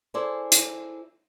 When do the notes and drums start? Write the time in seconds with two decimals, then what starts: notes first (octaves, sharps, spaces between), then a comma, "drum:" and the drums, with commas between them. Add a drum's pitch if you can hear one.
0.14 E4 G#4 A4 C5 D5
0.52 drum: hi-hat